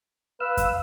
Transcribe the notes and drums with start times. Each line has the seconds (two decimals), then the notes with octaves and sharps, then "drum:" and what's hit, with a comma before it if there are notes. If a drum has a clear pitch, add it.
0.40 B4 F5 E6
0.57 drum: kick F2, hi-hat